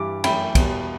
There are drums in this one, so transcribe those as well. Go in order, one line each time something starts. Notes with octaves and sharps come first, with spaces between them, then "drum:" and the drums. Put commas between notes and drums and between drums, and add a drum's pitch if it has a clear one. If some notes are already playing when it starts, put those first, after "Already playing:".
Already playing: G2 E3 G3 D6
F#2 E3 A3 G5 B5, drum: cymbal
E2 B2 G3, drum: kick, cymbal